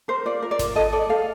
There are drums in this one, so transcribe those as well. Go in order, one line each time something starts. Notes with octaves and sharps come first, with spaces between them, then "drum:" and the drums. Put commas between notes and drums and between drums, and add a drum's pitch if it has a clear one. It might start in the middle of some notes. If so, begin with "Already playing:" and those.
A#4 C5
F4 D5
A#4
D5
F4, drum: snare G#1
A4 D#5
A4 D5
A4 F5